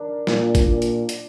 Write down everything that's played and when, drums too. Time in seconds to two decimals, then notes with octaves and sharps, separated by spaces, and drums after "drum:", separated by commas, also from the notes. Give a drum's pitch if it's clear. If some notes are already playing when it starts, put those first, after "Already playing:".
Already playing: D4 A#4
0.27 A#2, drum: snare
0.55 drum: kick G#1, hi-hat
0.68 A#2
0.82 drum: hi-hat
1.09 drum: hi-hat